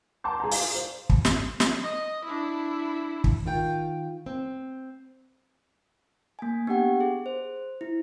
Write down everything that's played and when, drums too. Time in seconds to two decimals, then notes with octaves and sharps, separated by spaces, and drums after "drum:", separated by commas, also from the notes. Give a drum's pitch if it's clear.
0.24 A5 A#5 C6 D6 G6
0.40 G#4 A#5
0.52 F5, drum: open hi-hat
0.75 C5
1.09 drum: kick
1.25 drum: snare
1.60 drum: snare
1.82 D#5
2.25 D4 E4
3.24 drum: kick
3.46 D#3 F4 G5
4.26 C4
6.39 A#3 G#5
6.67 B3 D4 G4 F#5 G5
7.00 G#4
7.26 C5
7.81 E4